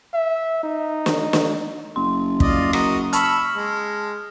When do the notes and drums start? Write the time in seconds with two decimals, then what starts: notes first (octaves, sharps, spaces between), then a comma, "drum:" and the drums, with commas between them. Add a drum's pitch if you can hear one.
0.14 E5
0.64 D#4
1.06 drum: snare
1.33 drum: snare
1.96 F#1 C6
2.40 F4 D5 D#5, drum: kick
2.73 F#4 A#4 D#5, drum: rim click
3.13 A5 B5 C#6 E6 F6, drum: hi-hat
3.52 G#3